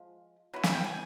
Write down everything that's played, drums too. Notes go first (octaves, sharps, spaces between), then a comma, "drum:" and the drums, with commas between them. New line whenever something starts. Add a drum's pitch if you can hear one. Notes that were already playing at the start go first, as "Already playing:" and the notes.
Already playing: F3 G#3
F#3 B3 E4
G#5, drum: snare
G5
G#5